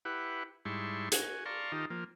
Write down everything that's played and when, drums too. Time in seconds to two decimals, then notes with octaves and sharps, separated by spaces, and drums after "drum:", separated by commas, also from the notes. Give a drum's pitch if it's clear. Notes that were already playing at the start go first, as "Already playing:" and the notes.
0.05 E4 G4 B4 F#5
0.65 G#2 G3 E4 A5 C6 C#6
1.12 F#4 G#5, drum: hi-hat
1.46 D5 F5 A5 A#5 C6 C#6
1.72 D#3 D#4 F4 G4 A5
1.90 F3 A#3